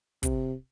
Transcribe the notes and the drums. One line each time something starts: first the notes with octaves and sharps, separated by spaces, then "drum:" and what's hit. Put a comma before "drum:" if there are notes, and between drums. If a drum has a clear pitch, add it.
C3, drum: kick, hi-hat